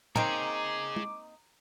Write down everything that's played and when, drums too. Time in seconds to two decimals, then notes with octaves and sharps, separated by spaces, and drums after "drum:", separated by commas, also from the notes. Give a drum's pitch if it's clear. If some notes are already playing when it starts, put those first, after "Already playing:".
0.16 A#3 C4 D#4 G#4 C#5 A#5 D6, drum: tom
0.96 drum: tom